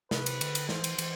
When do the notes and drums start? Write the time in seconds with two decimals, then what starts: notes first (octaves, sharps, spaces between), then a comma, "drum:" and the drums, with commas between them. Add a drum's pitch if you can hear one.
0.11 C3 B4, drum: snare
0.26 drum: cymbal
0.41 D3, drum: cymbal
0.55 drum: cymbal
0.69 E3 C5, drum: snare
0.84 drum: cymbal
0.98 E3, drum: cymbal